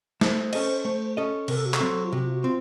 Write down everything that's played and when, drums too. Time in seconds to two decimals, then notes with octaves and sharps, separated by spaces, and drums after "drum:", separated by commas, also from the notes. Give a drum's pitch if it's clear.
0.21 A3 C5, drum: snare
0.53 C#4 A4 D#5, drum: cymbal
0.85 A3
1.17 C#4 A4 D#5
1.48 C3 A#4, drum: cymbal
1.57 A4
1.66 F#4
1.74 A4, drum: clap
1.80 F#3 C4
2.05 F4
2.12 C3 F#4
2.26 F4
2.33 F#4
2.44 C4 F4